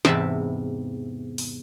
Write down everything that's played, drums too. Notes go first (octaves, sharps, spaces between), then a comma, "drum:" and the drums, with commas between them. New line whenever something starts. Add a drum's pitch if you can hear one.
E2 G#2 C3 E5 A5 B5, drum: snare
drum: open hi-hat